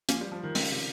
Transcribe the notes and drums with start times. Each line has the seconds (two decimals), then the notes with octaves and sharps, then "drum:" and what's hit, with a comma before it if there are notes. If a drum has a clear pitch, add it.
0.09 F3 A#3 C#4, drum: hi-hat
0.21 G3
0.32 F3
0.43 D#3
0.55 C#3 G#3 C4, drum: open hi-hat
0.71 C3